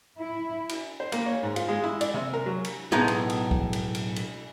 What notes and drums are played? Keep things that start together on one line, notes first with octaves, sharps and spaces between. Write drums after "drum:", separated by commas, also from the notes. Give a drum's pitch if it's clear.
E4
drum: cymbal
C5
A#3, drum: cymbal
C#5
G#2
F4, drum: cymbal
G#3
E4
D5, drum: cymbal
C3
A#4
F#3
drum: cymbal
B1 A2 G#3 B3 D#4 G#5
drum: cymbal
drum: cymbal
drum: kick
drum: cymbal
drum: cymbal
drum: cymbal